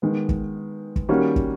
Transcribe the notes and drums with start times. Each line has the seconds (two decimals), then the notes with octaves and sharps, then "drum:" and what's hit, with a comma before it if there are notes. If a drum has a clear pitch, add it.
0.02 D#3 G#3 B3
0.29 drum: kick
0.96 drum: kick
1.09 D#3 G3 A#3 C#4 F#4
1.36 drum: kick